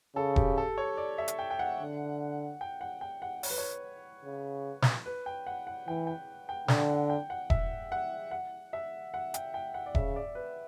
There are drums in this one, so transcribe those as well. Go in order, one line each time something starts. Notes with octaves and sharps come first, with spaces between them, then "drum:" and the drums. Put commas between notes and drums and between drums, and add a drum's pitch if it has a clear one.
C#3 A4
G4, drum: kick E1
A4
C#5
D5
E5
drum: hi-hat
G5
G5
F#5
D3
G5
F#5
G5
F#5
C#5, drum: open hi-hat
B4
C#5
C#3
drum: snare
B4
G5
F#5
F#5
E3 G5
G5
G5
D3 G5, drum: snare
F#5
G5
F#5
E5, drum: kick E1
F#5
F#5
E5
F#5
G5, drum: hi-hat
G5
F#5
D5
C#3 E5, drum: kick E1
D5
B4